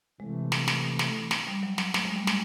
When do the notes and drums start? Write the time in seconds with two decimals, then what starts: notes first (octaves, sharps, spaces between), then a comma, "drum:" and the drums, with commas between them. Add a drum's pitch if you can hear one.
0.20 C3 E3 G#3 A3
0.52 drum: snare
0.68 drum: snare
0.99 drum: snare
1.31 drum: snare
1.47 G3
1.63 F#3
1.78 F#3, drum: snare
1.94 A3, drum: snare
2.05 G#3
2.16 G3
2.27 G#3, drum: snare